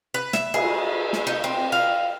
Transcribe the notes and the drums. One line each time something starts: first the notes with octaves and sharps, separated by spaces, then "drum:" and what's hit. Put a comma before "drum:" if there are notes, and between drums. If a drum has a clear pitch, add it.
B4
E5, drum: snare
G#4, drum: cymbal
drum: snare
D#4
C4
F5